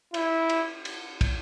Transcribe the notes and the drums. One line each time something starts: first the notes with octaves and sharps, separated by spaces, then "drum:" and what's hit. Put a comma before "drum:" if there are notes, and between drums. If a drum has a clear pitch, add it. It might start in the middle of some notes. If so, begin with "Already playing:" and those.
E4, drum: cymbal
drum: cymbal
drum: cymbal
drum: kick, cymbal